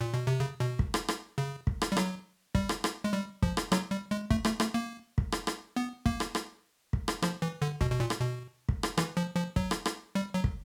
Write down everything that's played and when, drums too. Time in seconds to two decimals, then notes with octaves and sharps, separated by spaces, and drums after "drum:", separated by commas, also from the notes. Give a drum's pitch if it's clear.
0.01 A#2
0.14 B2
0.27 C3
0.40 C#3
0.60 B2
0.79 drum: kick
0.94 drum: rim click
1.08 drum: rim click
1.38 C#3
1.67 drum: kick
1.82 drum: rim click
1.92 G3
1.97 F#3, drum: rim click
2.55 G3, drum: kick
2.69 drum: rim click
2.84 drum: rim click
3.04 G#3
3.13 G3
3.42 F3, drum: kick
3.57 drum: rim click
3.72 F#3, drum: rim click
3.91 G3
4.11 G#3
4.31 A3, drum: kick
4.45 A3, drum: rim click
4.60 A3, drum: rim click
4.74 A#3
5.18 drum: kick
5.32 drum: rim click
5.47 drum: rim click
5.76 B3
6.06 A#3, drum: kick
6.20 drum: rim click
6.35 drum: rim click
6.93 drum: kick
7.08 drum: rim click
7.22 F3, drum: rim click
7.42 E3
7.62 D3
7.81 B2, drum: kick
7.91 B2
8.00 A#2
8.10 drum: rim click
8.20 B2
8.69 drum: kick
8.83 drum: rim click
8.98 E3, drum: rim click
9.17 F3
9.36 F3
9.56 F#3, drum: kick
9.71 drum: rim click
9.86 drum: rim click
10.15 G3
10.34 F#3
10.44 drum: kick